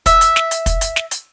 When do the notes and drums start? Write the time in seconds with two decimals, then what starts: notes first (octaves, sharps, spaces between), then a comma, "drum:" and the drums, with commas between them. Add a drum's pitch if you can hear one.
0.06 E5, drum: kick, hi-hat
0.21 drum: hi-hat
0.36 drum: snare
0.51 drum: hi-hat
0.66 drum: kick, hi-hat
0.81 drum: hi-hat
0.96 drum: snare
1.11 drum: hi-hat